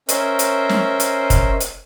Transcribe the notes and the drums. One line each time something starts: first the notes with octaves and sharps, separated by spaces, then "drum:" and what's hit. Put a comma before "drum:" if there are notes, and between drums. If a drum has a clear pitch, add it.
C#4 A#4 C5 D#5 E5, drum: hi-hat
drum: hi-hat
drum: snare
drum: hi-hat
drum: kick, hi-hat
drum: hi-hat